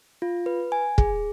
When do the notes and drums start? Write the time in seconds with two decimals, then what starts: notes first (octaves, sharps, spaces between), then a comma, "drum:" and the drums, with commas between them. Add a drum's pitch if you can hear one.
0.22 F4
0.46 B4
0.72 G#5
0.98 G#4, drum: kick